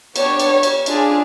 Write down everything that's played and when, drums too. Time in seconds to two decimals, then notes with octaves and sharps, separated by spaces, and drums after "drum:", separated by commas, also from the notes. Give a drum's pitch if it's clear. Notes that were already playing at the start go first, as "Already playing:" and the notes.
0.16 B3 D4 G4 C#5, drum: cymbal
0.40 drum: cymbal
0.63 drum: cymbal
0.86 D4 F4 G#4, drum: cymbal